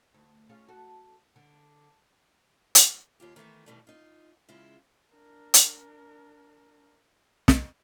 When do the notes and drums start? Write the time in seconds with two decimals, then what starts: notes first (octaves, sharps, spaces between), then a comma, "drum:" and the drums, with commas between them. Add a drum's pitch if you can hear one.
0.14 D2
0.49 C#4 F4 G#4
0.68 F#4 A4
1.36 D3
2.75 drum: hi-hat
3.20 D#2 F4 G4
3.36 D#3 E3 A3 B3
3.66 B2 D#3 E3 G3 A3
3.87 D#4 F4
4.49 C#3 G#3 E4 F4
5.12 D4 A#4
5.54 drum: hi-hat
7.48 drum: snare